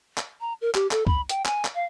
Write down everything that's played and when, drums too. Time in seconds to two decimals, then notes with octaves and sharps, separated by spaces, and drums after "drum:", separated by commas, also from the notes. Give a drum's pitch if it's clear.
0.17 drum: clap
0.41 A#5
0.61 A#4
0.74 G4, drum: clap
0.91 A4, drum: clap
1.07 B5, drum: kick C#2
1.29 G5, drum: hi-hat
1.45 G#5, drum: clap
1.65 drum: clap
1.75 F5